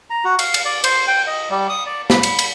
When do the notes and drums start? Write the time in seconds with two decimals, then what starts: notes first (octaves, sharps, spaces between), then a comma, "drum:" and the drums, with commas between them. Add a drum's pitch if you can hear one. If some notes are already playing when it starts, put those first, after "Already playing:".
0.10 A#5
0.25 F#4
0.39 F5, drum: cymbal
0.54 drum: cymbal
0.65 D5
0.84 C5, drum: cymbal
1.08 G5
1.27 D#5
1.50 G3
1.70 D#6
1.86 D5
2.10 B5, drum: snare
2.23 drum: cymbal
2.39 drum: cymbal